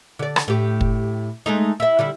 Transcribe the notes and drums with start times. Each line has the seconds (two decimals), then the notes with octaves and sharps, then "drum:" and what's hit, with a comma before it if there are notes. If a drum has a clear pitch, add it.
0.19 D3 D5
0.36 drum: rim click
0.48 A2 G4
0.81 drum: kick
1.46 G#3 A3 D#4
1.80 E4 E5
1.99 D3 G3 E4